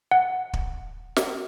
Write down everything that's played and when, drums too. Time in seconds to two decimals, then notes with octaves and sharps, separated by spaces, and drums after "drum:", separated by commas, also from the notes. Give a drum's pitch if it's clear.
0.11 F#5
0.53 drum: kick
1.16 drum: snare